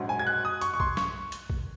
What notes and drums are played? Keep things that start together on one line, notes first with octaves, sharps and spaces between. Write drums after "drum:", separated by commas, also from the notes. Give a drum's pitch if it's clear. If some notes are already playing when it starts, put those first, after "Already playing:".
Already playing: A#1 G#2 F#3
G#5
G#6
F#6
D#6
C#6, drum: hi-hat
C#6
C6, drum: kick A#1
C#6, drum: snare
drum: hi-hat
drum: kick A#1